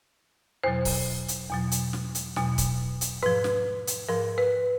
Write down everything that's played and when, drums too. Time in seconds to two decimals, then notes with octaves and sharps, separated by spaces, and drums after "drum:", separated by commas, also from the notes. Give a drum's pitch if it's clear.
0.64 E2 B2 F#3 C5
0.85 drum: kick, open hi-hat
1.28 drum: hi-hat
1.50 E2 B2 F#3
1.72 drum: hi-hat
1.93 drum: snare
2.15 drum: hi-hat
2.36 E2 B2 F#3, drum: snare
2.58 drum: kick, hi-hat
3.01 drum: hi-hat
3.23 G#2 F3 B4
3.44 drum: snare
3.87 drum: hi-hat
4.09 G#2 F3 A#4
4.38 B4